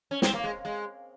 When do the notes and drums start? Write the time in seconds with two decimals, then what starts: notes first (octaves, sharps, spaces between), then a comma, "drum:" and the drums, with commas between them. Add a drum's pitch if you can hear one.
0.11 C#4
0.22 C4, drum: snare
0.33 A#3
0.44 G#3
0.65 G#3